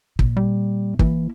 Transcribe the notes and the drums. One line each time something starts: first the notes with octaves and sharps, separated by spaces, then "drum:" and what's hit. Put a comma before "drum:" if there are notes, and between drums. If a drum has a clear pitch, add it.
A#2, drum: kick
G3
E3 A#3 E4, drum: kick